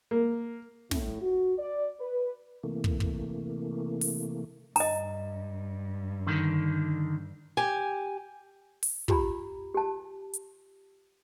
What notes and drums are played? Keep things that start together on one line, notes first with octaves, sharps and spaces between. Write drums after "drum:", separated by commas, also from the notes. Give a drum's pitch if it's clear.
A#3
A2, drum: snare
F#4
D5
B4
C3 E3 A3 A#3
drum: kick
drum: kick
drum: open hi-hat
G2 D#5 A#5, drum: open hi-hat
D3 D#3
G4 G#5
drum: open hi-hat
F4 G4 A#5 B5, drum: kick
G4 A5
drum: hi-hat